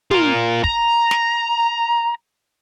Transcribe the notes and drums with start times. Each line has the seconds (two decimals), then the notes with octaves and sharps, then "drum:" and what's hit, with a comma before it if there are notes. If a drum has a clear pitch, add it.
0.11 F4 A#4, drum: tom
0.64 A#5, drum: kick
1.11 drum: snare